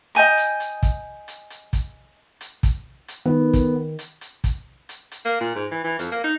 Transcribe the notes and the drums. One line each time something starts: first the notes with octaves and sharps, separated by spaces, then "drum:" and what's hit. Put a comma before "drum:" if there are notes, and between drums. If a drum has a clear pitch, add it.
D#5 G5 G#5 A#5
drum: hi-hat
drum: hi-hat
drum: kick, hi-hat
drum: hi-hat
drum: hi-hat
drum: kick, hi-hat
drum: hi-hat
drum: kick, hi-hat
drum: hi-hat
D#3 B3
drum: kick, hi-hat
drum: hi-hat
drum: hi-hat
drum: kick, hi-hat
drum: hi-hat
drum: hi-hat
A#3
A#2
G#2
E3
E3
F2, drum: hi-hat
A#3
D#4